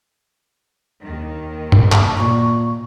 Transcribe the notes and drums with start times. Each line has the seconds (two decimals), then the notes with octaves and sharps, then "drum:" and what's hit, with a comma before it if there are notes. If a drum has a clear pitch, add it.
1.02 D#2 D#3
1.72 drum: tom
1.92 drum: clap
2.17 A#2 A#5 C#6